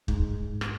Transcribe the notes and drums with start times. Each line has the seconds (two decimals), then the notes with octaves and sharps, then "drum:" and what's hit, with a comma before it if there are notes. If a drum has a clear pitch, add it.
0.08 G#2, drum: kick
0.61 drum: rim click